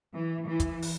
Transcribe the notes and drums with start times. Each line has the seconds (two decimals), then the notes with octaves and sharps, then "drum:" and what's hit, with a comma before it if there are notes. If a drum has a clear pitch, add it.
0.15 E3
0.48 E3
0.60 drum: kick, hi-hat
0.82 drum: open hi-hat